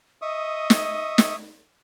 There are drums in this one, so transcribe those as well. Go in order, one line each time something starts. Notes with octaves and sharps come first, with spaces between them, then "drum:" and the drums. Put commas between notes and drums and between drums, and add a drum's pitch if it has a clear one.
D#5 E5 C#6 D#6
drum: snare
drum: snare